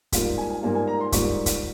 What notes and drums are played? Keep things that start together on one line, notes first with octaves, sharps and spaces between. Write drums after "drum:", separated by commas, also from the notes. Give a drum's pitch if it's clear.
G#2 G3 A#3 F4 F5, drum: kick, hi-hat
G#5
G#5
G#2 G3 A#3 F4 G#5
G#5
A#5
C6
G#2 G3 A#3 F4 C#6, drum: kick, hi-hat
drum: kick, hi-hat